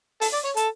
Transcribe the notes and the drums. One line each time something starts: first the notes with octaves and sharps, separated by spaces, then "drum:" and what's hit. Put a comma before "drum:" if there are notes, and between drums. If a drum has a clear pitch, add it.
A4, drum: open hi-hat
D5
C#5
A4, drum: hi-hat